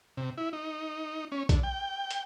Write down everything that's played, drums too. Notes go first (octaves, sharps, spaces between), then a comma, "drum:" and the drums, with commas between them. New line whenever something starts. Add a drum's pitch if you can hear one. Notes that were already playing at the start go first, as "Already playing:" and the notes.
C3
E4
D#4
C#4
D3, drum: kick B1, hi-hat
G5
drum: hi-hat